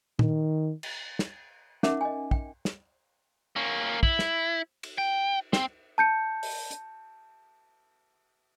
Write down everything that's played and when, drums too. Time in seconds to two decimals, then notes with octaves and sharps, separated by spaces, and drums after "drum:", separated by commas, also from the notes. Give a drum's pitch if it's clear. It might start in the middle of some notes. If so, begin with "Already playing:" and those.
0.19 D#3, drum: tom A#2
0.83 drum: cymbal
1.19 drum: snare
1.83 C#4 D#4 A#4 E5 F#5 D6, drum: snare
2.01 D#5 G#5
2.31 G5, drum: kick
2.65 drum: snare
3.56 A#3 C#4
4.03 E4, drum: kick
4.19 drum: snare
4.83 drum: cymbal
4.98 G5
5.53 C4, drum: snare
5.98 A5 G6 C#7
6.43 drum: open hi-hat
6.71 drum: hi-hat